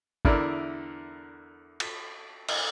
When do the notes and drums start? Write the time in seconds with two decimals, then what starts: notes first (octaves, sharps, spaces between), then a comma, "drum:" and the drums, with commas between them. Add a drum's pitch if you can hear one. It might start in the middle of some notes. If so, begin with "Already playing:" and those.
0.25 E2 D3 E4 A#4 D5, drum: kick G#1
1.80 drum: cymbal
2.49 drum: cymbal